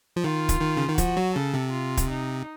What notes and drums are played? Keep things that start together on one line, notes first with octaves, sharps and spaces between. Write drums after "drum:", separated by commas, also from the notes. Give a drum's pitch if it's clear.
F3
D#3 F4
drum: kick, hi-hat
D#3
C#3
D#3
F3 F#4, drum: kick, hi-hat
F#3
C#3 A4
C3
F4
drum: kick, hi-hat
D#4